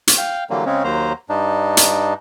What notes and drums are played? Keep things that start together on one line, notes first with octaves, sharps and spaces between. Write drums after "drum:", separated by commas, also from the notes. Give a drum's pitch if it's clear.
drum: hi-hat
F5 G5
D3 E3 F#3 G3 A#3
C#3 G#3 C4 C#4
D#2 F#3 A#3 C5 A#5
G2 D4 D#4
drum: hi-hat